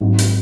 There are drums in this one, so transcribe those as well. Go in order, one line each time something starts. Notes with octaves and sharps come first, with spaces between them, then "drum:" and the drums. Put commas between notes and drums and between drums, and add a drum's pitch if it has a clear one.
G#1 G#2 D#3 F#3
drum: hi-hat